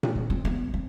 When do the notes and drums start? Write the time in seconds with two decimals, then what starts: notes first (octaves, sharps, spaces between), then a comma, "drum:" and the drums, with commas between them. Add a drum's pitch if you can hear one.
0.03 drum: tom A#2
0.16 C4
0.30 C4
0.45 B3
0.74 C4